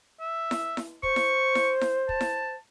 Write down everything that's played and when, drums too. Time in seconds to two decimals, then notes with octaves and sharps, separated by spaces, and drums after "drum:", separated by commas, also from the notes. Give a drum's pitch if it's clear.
0.20 E5
0.51 drum: snare E4
0.77 drum: snare E4
1.03 C5 C#6, drum: kick
1.16 drum: snare E4
1.55 drum: snare E4
1.81 drum: snare E4
2.09 A5, drum: kick
2.21 drum: snare E4